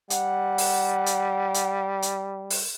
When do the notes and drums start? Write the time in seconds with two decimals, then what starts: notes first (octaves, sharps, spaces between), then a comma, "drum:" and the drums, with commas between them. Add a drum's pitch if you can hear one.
0.10 G3 F#5, drum: hi-hat
0.58 drum: open hi-hat
1.06 drum: hi-hat
1.54 drum: hi-hat
2.02 drum: hi-hat
2.50 drum: open hi-hat